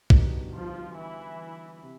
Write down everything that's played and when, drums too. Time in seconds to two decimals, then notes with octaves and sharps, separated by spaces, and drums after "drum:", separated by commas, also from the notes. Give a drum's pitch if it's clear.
0.10 D3 G3 B3 D#4 F#4, drum: kick
0.53 F3 F4
0.96 E3 E4
1.82 C3